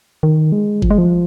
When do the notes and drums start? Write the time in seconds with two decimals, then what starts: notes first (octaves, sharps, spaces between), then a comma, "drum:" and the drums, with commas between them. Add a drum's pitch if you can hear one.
0.23 D#3
0.52 G#3
0.82 F3, drum: kick G1
0.91 G#3
0.98 F3